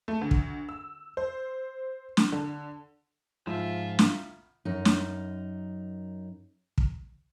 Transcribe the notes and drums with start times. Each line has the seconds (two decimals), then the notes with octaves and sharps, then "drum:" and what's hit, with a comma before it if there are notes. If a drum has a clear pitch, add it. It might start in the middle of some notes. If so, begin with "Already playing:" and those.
0.08 A3
0.21 D2
0.31 drum: kick
0.69 E6
1.17 C5
2.17 drum: snare
2.32 D3
3.47 G#2 F3 F4 E5
3.99 drum: snare
4.65 F#2 D#4
4.85 drum: snare
6.78 drum: kick